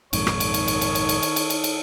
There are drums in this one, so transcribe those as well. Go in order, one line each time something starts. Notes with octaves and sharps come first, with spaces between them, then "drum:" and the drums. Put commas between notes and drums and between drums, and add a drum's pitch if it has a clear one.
A#1 F2 G#2 D#3 C#5, drum: cymbal
drum: rim click
drum: cymbal
drum: cymbal
drum: cymbal
drum: cymbal
drum: cymbal
drum: cymbal
drum: cymbal
drum: cymbal
drum: cymbal
drum: cymbal